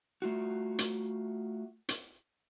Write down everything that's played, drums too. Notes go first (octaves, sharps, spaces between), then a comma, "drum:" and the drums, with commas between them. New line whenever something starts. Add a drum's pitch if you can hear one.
A3 F4 F#4
drum: hi-hat
drum: hi-hat